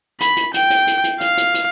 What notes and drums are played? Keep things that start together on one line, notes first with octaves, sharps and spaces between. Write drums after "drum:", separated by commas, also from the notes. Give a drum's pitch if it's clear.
B5, drum: hi-hat
drum: hi-hat
G5, drum: hi-hat
drum: hi-hat
drum: hi-hat
drum: hi-hat
F5, drum: hi-hat
drum: hi-hat
drum: hi-hat